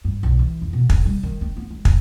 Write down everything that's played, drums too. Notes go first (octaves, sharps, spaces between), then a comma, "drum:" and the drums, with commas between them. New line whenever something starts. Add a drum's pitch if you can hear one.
G2
B1
E3
F2
B2
D3, drum: kick
G3
D#3
C4
B3
G#3
F2, drum: kick